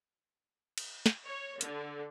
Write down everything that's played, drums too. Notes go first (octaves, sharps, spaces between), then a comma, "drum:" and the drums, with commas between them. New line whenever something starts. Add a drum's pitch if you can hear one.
drum: cymbal
drum: snare
C#5
D3, drum: hi-hat